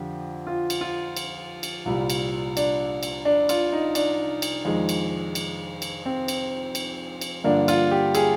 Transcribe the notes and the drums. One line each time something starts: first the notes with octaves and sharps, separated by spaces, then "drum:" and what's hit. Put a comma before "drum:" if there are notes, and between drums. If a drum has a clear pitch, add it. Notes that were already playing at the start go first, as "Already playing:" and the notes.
Already playing: F2 D3 F3 G4
F4
drum: cymbal
F4
drum: cymbal
drum: cymbal
C2 A#2 G3
drum: cymbal
D4, drum: cymbal
drum: cymbal
D4
F4, drum: cymbal
D#4
D4, drum: cymbal
drum: cymbal
F2 D#3 G#3
drum: cymbal
drum: cymbal
drum: cymbal
C4
drum: cymbal
drum: cymbal
drum: cymbal
G2 D3 F3 A#3 D4
F4, drum: cymbal
G4
G#4, drum: cymbal